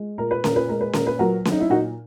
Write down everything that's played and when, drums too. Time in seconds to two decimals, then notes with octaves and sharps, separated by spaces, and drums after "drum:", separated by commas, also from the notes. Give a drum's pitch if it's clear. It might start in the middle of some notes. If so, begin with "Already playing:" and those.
Already playing: G#3
0.18 A#2 A#4
0.31 B4
0.44 A#2 A#4, drum: snare C#4
0.56 B4
0.69 G#3 A#4
0.81 B4
0.93 A#2 A#4, drum: snare C#4
1.07 B4
1.19 F#3 F#4 A#4
1.45 F#3, drum: snare C#4
1.52 D#4
1.60 E4
1.70 A#2 D#4 F#4